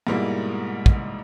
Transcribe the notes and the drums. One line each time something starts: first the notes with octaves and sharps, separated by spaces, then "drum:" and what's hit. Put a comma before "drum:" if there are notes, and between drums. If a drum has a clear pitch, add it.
G#2 B2 G3 G#3 A#3 E4
drum: kick